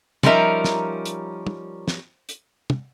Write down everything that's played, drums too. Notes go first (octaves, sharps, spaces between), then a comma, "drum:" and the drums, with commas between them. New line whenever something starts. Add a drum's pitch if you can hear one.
F3 G3 C#4 D#4 A#4 E5, drum: tom
drum: snare
drum: hi-hat
drum: tom
drum: snare
drum: hi-hat
drum: tom